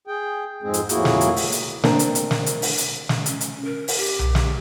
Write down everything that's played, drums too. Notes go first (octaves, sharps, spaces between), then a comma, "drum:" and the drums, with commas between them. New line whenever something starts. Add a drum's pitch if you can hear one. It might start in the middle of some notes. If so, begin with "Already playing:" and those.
G#4 G5
F2 G#2 G#3 C4 G#4
drum: hi-hat
F2 A2 A#3 E4 F#4 G#4, drum: hi-hat
drum: snare
drum: hi-hat
drum: open hi-hat
drum: hi-hat
C4 D4 A#4, drum: snare
drum: hi-hat
drum: hi-hat
drum: snare
drum: hi-hat
drum: open hi-hat
drum: hi-hat
drum: snare
C#4, drum: hi-hat
drum: hi-hat
A#4
drum: open hi-hat
G4
drum: tom B1
drum: snare